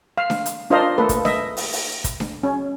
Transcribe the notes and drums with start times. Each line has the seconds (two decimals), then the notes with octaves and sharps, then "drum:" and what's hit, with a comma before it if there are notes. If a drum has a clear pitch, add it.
0.18 F5
0.30 drum: snare D4
0.46 drum: hi-hat
0.70 D4 F4 A#4 C5 D#5 F5
0.98 A3 A#3 A4 B4
1.09 drum: kick, hi-hat
1.25 D#5 E5, drum: snare D4
1.57 drum: open hi-hat
1.73 drum: open hi-hat
2.04 drum: kick, hi-hat
2.20 drum: snare D4
2.43 C#4